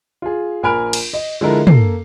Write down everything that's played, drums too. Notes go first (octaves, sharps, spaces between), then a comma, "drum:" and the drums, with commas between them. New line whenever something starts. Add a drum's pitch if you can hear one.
F4 G#4
A#1 A#4 G#5 B5 F6 D7
drum: cymbal
D#5
D3 F3 G#3 E4 A4 A#4
A#3 A4 C7, drum: tom